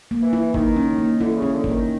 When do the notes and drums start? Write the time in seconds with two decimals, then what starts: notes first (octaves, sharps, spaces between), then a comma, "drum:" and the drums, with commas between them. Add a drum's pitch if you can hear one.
0.11 A#3
0.22 E3
0.33 E4
0.54 D#3 A#3, drum: kick G1
0.76 C#4
0.98 A#3
1.21 D3 E4
1.37 C#3 C#4
1.53 D3
1.64 A#3, drum: kick G1
1.70 D#3